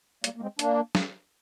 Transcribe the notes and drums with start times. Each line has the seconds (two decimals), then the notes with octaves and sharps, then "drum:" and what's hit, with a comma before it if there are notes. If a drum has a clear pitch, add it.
0.24 G3 A#3, drum: hi-hat
0.36 A#3
0.42 G#3 C4
0.59 A#3 D4, drum: hi-hat
0.95 drum: snare